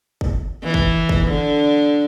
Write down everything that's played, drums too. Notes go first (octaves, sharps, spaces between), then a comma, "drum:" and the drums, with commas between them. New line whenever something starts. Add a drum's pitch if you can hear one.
drum: kick
E3
drum: kick
drum: kick
D3